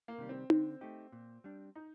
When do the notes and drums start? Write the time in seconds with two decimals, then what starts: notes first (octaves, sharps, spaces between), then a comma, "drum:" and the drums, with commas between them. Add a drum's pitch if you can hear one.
0.08 A#3
0.18 C3 D#3 G3
0.29 C4
0.50 D3 C4, drum: tom D#4
0.81 A3 D#4 G4
1.12 A#2
1.44 G3 D4
1.75 D#4